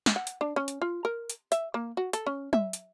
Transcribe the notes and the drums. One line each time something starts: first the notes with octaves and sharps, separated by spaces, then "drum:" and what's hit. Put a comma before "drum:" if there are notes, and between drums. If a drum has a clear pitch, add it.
drum: snare
F#5
drum: hi-hat
D4
C#4
drum: hi-hat
F4
A#4
drum: hi-hat
E5, drum: hi-hat
A#3
F#4
A4, drum: hi-hat
C#4
E5, drum: tom
drum: hi-hat